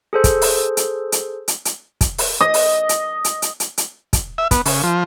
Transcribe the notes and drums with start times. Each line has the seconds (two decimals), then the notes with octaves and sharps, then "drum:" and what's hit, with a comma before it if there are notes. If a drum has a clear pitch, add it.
0.13 G#4 A4 C5
0.24 drum: kick, hi-hat
0.42 drum: open hi-hat
0.77 drum: hi-hat
1.12 drum: hi-hat
1.48 drum: hi-hat
1.65 drum: hi-hat
2.01 drum: kick, hi-hat
2.18 drum: open hi-hat
2.41 D#5
2.54 drum: open hi-hat
2.89 drum: hi-hat
3.24 drum: hi-hat
3.42 drum: hi-hat
3.60 drum: hi-hat
3.78 drum: hi-hat
4.13 drum: kick, hi-hat
4.38 E5
4.51 B3, drum: kick, hi-hat
4.66 C#3, drum: open hi-hat
4.84 F3